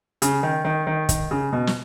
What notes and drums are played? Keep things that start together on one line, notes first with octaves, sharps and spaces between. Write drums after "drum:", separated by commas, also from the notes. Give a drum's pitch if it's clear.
C#3, drum: hi-hat
D#3
D#3
D#3
D#3, drum: kick, hi-hat
C#3
B2
drum: snare